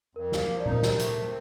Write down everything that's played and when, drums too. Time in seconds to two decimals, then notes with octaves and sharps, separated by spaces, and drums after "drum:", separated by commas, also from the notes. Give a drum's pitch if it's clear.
0.15 F2 A#4
0.32 A#3, drum: snare
0.49 F3
0.60 D5
0.66 D#4, drum: tom A#2
0.71 A#4
0.82 C3, drum: snare
0.99 A3, drum: hi-hat
1.16 C3